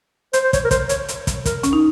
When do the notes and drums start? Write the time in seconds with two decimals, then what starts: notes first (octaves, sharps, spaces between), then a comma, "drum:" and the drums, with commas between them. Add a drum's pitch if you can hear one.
0.33 C5, drum: hi-hat
0.44 C5
0.53 C#5, drum: kick, hi-hat
0.64 A#4
0.71 C5, drum: kick, hi-hat
0.89 C#5, drum: hi-hat
1.08 drum: hi-hat
1.27 drum: kick, hi-hat
1.45 A#4, drum: kick, hi-hat
1.63 C#4, drum: hi-hat
1.73 D#4